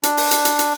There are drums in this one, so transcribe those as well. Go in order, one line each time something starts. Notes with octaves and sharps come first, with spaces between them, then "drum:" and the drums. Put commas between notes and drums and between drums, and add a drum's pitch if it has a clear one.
D4, drum: hi-hat
drum: open hi-hat
drum: hi-hat
drum: hi-hat
drum: hi-hat